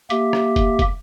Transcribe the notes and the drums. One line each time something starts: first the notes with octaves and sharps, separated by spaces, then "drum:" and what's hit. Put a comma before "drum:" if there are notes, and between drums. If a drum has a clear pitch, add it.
A#3 G4 E5, drum: hi-hat
drum: rim click
drum: kick, hi-hat
drum: kick, hi-hat